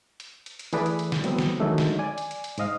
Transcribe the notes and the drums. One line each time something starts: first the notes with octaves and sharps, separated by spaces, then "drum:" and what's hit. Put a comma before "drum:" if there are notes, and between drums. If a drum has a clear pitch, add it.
drum: hi-hat
drum: hi-hat
drum: hi-hat
E3 A3 G#4 B4 D5, drum: hi-hat
drum: hi-hat
drum: hi-hat
drum: snare
E3 F#3 G3 A3 B3 C4, drum: hi-hat
drum: snare
D3 D#3 F#3 G#3 A3 D4
drum: snare
D5 G#5
drum: hi-hat
drum: hi-hat
drum: hi-hat
G#2 C5 D#5 F5, drum: hi-hat